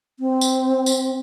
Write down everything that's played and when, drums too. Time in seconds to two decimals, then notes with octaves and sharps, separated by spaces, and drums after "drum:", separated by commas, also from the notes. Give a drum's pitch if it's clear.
0.20 C4
0.41 drum: tambourine
0.86 drum: tambourine